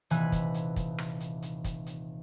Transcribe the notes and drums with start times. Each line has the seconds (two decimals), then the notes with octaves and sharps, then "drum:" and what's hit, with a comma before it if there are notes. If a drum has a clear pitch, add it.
0.10 D#1 C3 E3 G#5 F#6 B6, drum: hi-hat
0.32 drum: kick, hi-hat
0.54 drum: hi-hat
0.76 drum: kick, hi-hat
0.98 drum: rim click
1.20 drum: hi-hat
1.42 drum: hi-hat
1.64 drum: kick, hi-hat
1.86 drum: hi-hat